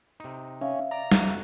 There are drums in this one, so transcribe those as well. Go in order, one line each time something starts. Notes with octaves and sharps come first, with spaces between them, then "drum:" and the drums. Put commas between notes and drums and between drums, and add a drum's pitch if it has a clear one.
C3 D#4
C#4 E5 F5
D5 A#5
F2 F#4, drum: snare